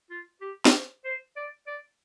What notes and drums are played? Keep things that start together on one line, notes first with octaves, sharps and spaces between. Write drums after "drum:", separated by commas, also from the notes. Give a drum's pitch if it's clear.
F4
G4
drum: snare
C5
D5
D5